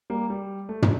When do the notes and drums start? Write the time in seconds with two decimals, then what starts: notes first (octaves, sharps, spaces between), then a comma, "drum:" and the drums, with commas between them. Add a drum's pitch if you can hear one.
0.10 G3 A#3
0.30 G3
0.69 A3
0.82 drum: tom